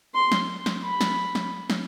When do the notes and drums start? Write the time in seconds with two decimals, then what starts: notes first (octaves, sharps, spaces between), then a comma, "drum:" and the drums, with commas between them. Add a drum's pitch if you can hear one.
0.14 C6
0.32 drum: snare
0.66 drum: snare
0.83 B5
1.01 drum: snare
1.35 drum: snare
1.70 drum: snare